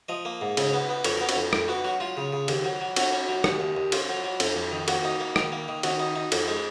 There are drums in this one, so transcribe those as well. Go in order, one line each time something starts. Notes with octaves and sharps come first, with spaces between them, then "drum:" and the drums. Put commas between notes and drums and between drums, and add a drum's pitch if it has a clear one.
F3 D#5
A#3
G#2
C#3, drum: cymbal
B3
B3
F2 C#5, drum: cymbal
A#4
B3
F#4, drum: cymbal
F2
F2, drum: rim click
B3 F#4
F#3 F#4
F#3 F4
C#3
C#3
D#2, drum: cymbal
F#3
F#3
F#3 F#4, drum: cymbal
C#4
F#3
D#2, drum: rim click
D#2
D#2
C#4 F4, drum: cymbal
F#3
F#3
F2, drum: cymbal
F2
D#3
A#3 F#4, drum: cymbal
D#4
A#3
D#3, drum: rim click
A#3
D#3
D#3 F#4, drum: cymbal
D#4
D#4
F2, drum: cymbal
G#3